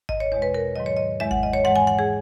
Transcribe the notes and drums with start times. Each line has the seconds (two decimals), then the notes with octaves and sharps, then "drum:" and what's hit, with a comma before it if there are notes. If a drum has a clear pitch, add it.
0.09 D#5, drum: kick G#1
0.20 C#5
0.32 E2 B2 G#3 C#5
0.42 B4
0.54 A#4
0.76 G#2 D#3 F#3 D#5
0.86 C#5
0.97 D#5
1.20 E2 D#3 G#3 E5
1.31 F#5, drum: kick G#1
1.43 D#5
1.53 C#5
1.64 G#2 E3 G#3 F#5
1.76 G#5
1.87 F#5
1.99 G#4